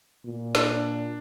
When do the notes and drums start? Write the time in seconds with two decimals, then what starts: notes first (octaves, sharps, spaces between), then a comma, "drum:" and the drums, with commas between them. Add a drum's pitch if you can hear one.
0.25 A#2
0.55 D4, drum: snare